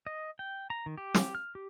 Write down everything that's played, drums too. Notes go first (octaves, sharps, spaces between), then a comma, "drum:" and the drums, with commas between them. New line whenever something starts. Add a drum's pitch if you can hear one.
D#5
G5
A#5
D#3
G4
drum: snare
F6
G4